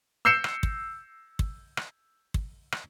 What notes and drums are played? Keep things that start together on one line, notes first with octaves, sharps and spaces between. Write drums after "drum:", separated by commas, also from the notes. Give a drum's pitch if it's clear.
E6 G6 C7 C#7 E7
drum: rim click
drum: kick
drum: kick
drum: rim click
drum: kick
drum: rim click